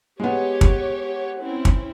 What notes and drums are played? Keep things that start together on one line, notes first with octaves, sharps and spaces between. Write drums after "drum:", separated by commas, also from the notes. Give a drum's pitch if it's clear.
G#3 B3 G4 C#5
drum: kick
C4 C#4 E4
drum: kick